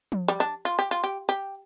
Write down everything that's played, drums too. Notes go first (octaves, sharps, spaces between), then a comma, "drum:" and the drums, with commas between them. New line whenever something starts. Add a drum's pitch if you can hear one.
drum: tom F3
G3
D4
F4
G4
F4
G4
G4